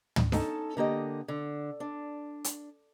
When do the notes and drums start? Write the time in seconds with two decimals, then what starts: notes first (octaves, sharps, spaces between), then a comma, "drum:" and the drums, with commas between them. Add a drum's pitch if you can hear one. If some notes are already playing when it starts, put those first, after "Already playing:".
0.16 drum: tom
0.32 C#4 D#4 A4 G#5 A5, drum: snare D4
0.77 D3 A#3 G4 D#5
1.28 D3
1.80 D4
2.44 drum: hi-hat